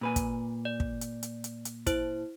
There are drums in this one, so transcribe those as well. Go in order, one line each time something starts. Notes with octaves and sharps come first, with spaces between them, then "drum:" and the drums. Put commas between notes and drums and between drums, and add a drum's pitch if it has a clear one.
A#2 B4 G#5
drum: kick, hi-hat
D5
drum: kick
drum: hi-hat
drum: hi-hat
drum: hi-hat
drum: hi-hat
E4 C5, drum: kick, hi-hat